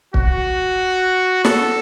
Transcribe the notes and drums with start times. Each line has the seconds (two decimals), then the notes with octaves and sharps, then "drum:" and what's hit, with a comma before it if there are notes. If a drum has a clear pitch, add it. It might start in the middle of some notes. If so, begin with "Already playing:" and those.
0.14 F#4, drum: kick
1.45 A4, drum: snare